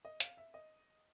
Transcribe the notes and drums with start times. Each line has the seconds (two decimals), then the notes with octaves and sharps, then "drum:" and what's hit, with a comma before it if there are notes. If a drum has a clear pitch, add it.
0.05 D#5
0.20 F5, drum: hi-hat
0.37 E5
0.54 D#5